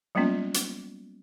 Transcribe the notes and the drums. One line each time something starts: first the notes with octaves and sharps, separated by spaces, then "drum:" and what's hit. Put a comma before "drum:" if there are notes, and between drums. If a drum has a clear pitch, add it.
F#3 G3 A#3 B3 C#4 F4
drum: hi-hat